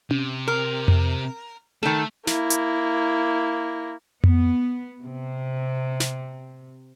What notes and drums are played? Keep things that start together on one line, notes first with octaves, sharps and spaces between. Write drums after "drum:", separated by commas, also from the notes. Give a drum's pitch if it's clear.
C3, drum: tom C#4
A#4
drum: tom F2
D#3 A3 A4
A#3 E4, drum: snare
drum: hi-hat
B3, drum: tom F2
C3
drum: snare